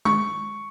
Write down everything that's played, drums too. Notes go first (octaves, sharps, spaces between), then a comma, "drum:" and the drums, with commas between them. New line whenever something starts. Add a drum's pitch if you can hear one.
C#6, drum: tom G#3